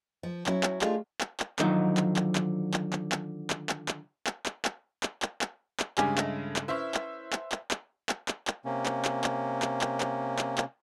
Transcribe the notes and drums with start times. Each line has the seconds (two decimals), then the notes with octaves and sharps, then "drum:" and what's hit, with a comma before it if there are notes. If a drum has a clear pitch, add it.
0.23 F3
0.46 F#3 C#4 E4, drum: clap
0.63 drum: clap
0.81 G#3 A3 D4 F4 G4 G#4, drum: clap
1.21 drum: clap
1.40 drum: clap
1.59 D3 D#3 F3 F#3 D#4, drum: clap
1.97 drum: clap
2.16 drum: clap
2.35 drum: clap
2.74 drum: clap
2.93 drum: clap
3.12 drum: clap
3.50 drum: clap
3.69 drum: clap
3.88 drum: clap
4.27 drum: clap
4.46 drum: clap
4.65 drum: clap
5.03 drum: clap
5.22 drum: clap
5.41 drum: clap
5.80 drum: clap
5.98 G2 C#3 G#3 C#4 G4 G#5, drum: clap
6.18 A3 D#5, drum: clap
6.56 drum: clap
6.68 C#4 E4 B4 C5 E5
6.94 drum: clap
7.33 drum: clap
7.52 drum: clap
7.71 drum: clap
8.09 drum: clap
8.28 drum: clap
8.47 drum: clap
8.65 C3 A#3 C#4
8.86 drum: clap
9.05 drum: clap
9.24 drum: clap
9.62 drum: clap
9.81 drum: clap
10.00 drum: clap
10.39 drum: clap
10.58 drum: clap